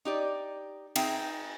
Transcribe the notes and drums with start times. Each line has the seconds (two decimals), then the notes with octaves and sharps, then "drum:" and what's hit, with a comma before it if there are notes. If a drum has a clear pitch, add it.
0.05 D#4 G4 D5
0.96 C4 D#4 G#4 E5 G5, drum: cymbal